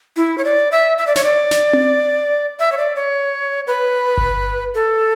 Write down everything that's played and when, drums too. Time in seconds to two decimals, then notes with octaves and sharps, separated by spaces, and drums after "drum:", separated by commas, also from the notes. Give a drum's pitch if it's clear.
0.17 E4
0.38 C#5
0.45 D5
0.72 E5
0.98 E5
1.07 D5
1.16 C#5, drum: snare
1.24 D5
1.51 drum: snare
1.73 drum: tom C4
2.60 E5
2.72 C#5
2.78 D5
2.96 C#5
3.67 B4
4.17 drum: kick G1
4.75 A4